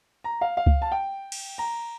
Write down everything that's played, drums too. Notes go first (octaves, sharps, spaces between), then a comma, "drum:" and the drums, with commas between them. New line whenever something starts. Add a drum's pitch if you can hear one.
A#5
F5
F5
drum: kick C#2
A5
G5
drum: cymbal
A#5